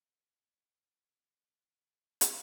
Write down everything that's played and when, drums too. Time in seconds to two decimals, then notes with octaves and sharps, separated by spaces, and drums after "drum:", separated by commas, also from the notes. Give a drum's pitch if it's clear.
0.03 D4 E5 F#5
2.21 drum: hi-hat